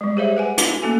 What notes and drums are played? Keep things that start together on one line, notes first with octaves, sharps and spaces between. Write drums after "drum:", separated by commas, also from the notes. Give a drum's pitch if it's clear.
G3 G#3
G4 G#4 C5 C#5 E5 F5
B4 F#5 G#5
F#4, drum: hi-hat
A3 A#3 C#4 F#4 A4 G#5